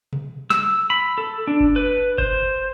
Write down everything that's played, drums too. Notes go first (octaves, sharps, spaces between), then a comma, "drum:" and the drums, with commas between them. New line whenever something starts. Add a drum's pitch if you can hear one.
drum: tom B2
E6, drum: snare
B5
A4
D4
drum: kick G1
B4
C5, drum: kick G1